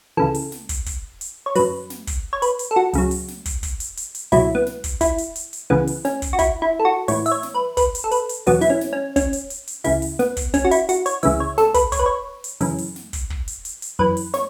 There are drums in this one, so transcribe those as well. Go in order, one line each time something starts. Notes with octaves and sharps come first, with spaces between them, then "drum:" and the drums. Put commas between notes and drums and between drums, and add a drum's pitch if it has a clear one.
C#2 C#3 E3 A4
drum: open hi-hat
drum: snare
drum: kick, hi-hat
drum: kick, hi-hat
drum: hi-hat
C#5
F#2 F#3 B4, drum: open hi-hat
drum: snare
drum: kick, hi-hat
C#5
B4, drum: hi-hat
drum: hi-hat
A4
F#4
C#2 C#3 F#3, drum: open hi-hat
drum: open hi-hat
drum: snare
drum: kick, hi-hat
drum: kick, hi-hat
drum: hi-hat
drum: hi-hat
drum: hi-hat
C#2 B2 F#3 E4, drum: open hi-hat
B3
drum: snare
drum: kick, hi-hat
E4, drum: kick, hi-hat
drum: hi-hat
drum: hi-hat
drum: hi-hat
C#2 C#3 E3 B3
drum: open hi-hat
C#4, drum: snare
drum: kick, hi-hat
F#4
E4, drum: kick, hi-hat
E4
A4
F#4
A2 E3 C#5, drum: open hi-hat
E5, drum: open hi-hat
C#5
drum: snare
B4
B4, drum: kick, hi-hat
drum: hi-hat
A4
B4, drum: hi-hat
drum: hi-hat
E2 B2 F#3 B3, drum: open hi-hat
E4, drum: open hi-hat
C#4
drum: snare
C#4
C#4, drum: kick, hi-hat
drum: hi-hat
drum: hi-hat
drum: hi-hat
C#2 C#3 E3 E4, drum: open hi-hat
drum: open hi-hat
B3, drum: snare
drum: kick, hi-hat
C#4, drum: kick, hi-hat
F#4
E4, drum: hi-hat
F#4, drum: hi-hat
C#5, drum: hi-hat
C#2 C#3 E3 E5, drum: open hi-hat
C#5
A4, drum: snare
B4, drum: kick, hi-hat
C#5, drum: kick, hi-hat
B4
C#5
drum: hi-hat
F#2 C#3 E3, drum: open hi-hat
drum: open hi-hat
drum: snare
drum: kick, hi-hat
drum: kick
drum: hi-hat
drum: hi-hat
drum: hi-hat
F#2 E3 B4
drum: open hi-hat
C#5, drum: snare